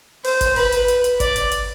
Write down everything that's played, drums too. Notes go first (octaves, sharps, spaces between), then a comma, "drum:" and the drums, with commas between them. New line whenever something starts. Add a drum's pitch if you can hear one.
C5, drum: open hi-hat
drum: kick, hi-hat
B4, drum: open hi-hat
drum: hi-hat
drum: hi-hat
drum: hi-hat
D5, drum: kick, hi-hat
drum: hi-hat
drum: hi-hat